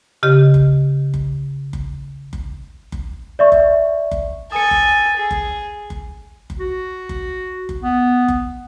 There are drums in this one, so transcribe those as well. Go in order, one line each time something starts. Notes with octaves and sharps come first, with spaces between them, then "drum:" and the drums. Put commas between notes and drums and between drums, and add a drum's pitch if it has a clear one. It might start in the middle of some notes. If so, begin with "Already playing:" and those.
C#3 G4 D#5
drum: kick F#1
drum: kick F#1
drum: kick F#1
drum: kick F#1
drum: kick F#1
D5 E5 C#6
drum: kick F#1
drum: kick F#1
A4 G#5 D#6 C#7
drum: kick F#1
G#4
drum: kick F#1
drum: kick F#1
drum: kick F#1
F#4
drum: kick F#1
drum: kick F#1
B3
drum: kick F#1